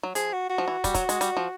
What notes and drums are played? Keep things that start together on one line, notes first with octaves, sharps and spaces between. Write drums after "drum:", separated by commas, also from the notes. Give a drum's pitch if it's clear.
F#3
F3 G#4, drum: hi-hat
F#4
F#4
F3
E3
G3, drum: kick, hi-hat
F#3, drum: kick, hi-hat
G#3, drum: hi-hat
G3, drum: hi-hat
F3